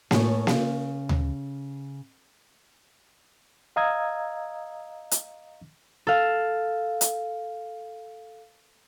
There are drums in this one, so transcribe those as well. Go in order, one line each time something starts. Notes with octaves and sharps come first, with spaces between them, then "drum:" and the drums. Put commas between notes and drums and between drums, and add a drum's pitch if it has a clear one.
A2 C#5 G#5, drum: snare A#3
C#3, drum: snare A#3
drum: tom D2
D#5 F5 A#5 D#6 E6 G#6
drum: hi-hat
A4 F5
drum: hi-hat